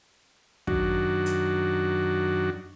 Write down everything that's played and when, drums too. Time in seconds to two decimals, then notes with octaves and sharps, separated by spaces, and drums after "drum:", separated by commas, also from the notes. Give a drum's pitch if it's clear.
0.67 F#2 D#3 F#3 D4 F#4, drum: kick
1.26 drum: hi-hat